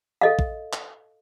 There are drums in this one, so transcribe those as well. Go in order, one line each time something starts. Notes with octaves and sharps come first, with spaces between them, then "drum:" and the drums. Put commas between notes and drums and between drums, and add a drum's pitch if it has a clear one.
A4 D#5 F5
drum: kick
drum: clap